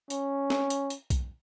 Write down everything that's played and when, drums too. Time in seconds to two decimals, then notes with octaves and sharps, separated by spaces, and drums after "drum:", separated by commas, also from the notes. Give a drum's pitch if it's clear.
0.10 C#4, drum: hi-hat
0.50 drum: snare
0.70 drum: hi-hat
0.90 drum: hi-hat
1.10 drum: kick B1, hi-hat